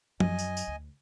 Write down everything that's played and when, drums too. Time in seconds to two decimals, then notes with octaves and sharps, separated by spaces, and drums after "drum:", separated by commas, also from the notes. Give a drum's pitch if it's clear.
0.20 F#2 D#5 G#5, drum: tom F3
0.39 drum: tambourine
0.57 drum: tambourine
0.67 D2